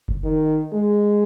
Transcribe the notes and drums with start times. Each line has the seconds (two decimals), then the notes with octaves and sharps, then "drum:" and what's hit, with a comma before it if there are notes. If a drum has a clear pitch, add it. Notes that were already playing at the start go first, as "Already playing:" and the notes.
0.08 drum: kick F#1
0.24 D#3
0.72 G#3